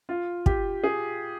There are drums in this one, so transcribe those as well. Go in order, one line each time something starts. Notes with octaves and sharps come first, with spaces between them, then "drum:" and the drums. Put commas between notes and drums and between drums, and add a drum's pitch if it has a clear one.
F4
G4, drum: kick
G#4